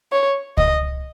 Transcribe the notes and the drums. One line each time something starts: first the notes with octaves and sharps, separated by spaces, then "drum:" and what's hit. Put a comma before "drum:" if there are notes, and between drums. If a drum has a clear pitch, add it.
C#5
D#5, drum: kick C#2